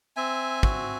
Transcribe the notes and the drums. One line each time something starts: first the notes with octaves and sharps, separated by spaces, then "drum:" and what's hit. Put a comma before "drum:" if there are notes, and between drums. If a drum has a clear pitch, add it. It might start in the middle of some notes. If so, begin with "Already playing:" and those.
C4 E5 G#5
F#4, drum: kick